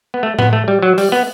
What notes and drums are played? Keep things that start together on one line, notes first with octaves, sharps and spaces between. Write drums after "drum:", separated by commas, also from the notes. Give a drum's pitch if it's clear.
B3
A3
B3, drum: tom A2
A3
G3
F#3
G3, drum: open hi-hat
B3